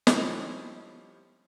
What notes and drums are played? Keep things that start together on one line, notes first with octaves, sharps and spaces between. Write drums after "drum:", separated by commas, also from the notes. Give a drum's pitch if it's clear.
F3 G3 C#4 D#4 E4 G4, drum: snare